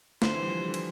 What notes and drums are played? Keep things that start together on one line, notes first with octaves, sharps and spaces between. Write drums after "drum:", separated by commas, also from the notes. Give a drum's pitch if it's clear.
D3 C5, drum: snare
E3
G3
F3
G3
D3
E3, drum: cymbal